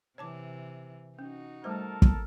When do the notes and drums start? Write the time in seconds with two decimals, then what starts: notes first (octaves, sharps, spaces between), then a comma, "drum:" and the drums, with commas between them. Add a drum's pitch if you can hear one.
0.18 C3 E3 C#5 A5 D6
1.19 C#4 D#4 F#4
1.64 G3 A3 A4 A#4 C5 A5
2.02 drum: kick